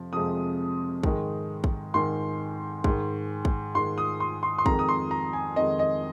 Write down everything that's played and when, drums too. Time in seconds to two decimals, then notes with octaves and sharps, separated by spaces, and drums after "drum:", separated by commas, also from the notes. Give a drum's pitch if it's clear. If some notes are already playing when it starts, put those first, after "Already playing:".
Already playing: F2 C3 F3
0.13 F2 C3 F3 G#3 D#6
1.03 G#2 D#3 G#3, drum: kick
1.64 drum: kick
1.94 G#2 D#3 G#3 C6
2.84 G#2 D#3 G#3, drum: kick
3.45 drum: kick
3.75 G#2 D#3 G#3 C6
3.98 D#6
4.20 C6
4.43 C6
4.58 C6
4.66 F2 D#3 G#3 A#5, drum: kick
4.79 D#6
4.89 C6
5.11 A#5
5.33 G#5
5.56 F2 D#3 G#3 D#5
5.79 D#5